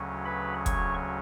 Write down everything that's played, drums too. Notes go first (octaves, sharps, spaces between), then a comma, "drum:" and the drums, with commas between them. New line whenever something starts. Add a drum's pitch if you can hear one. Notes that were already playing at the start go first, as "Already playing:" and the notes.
Already playing: D2 C#3 F#3 C#4
B4 B5
C#5 C#6, drum: kick, hi-hat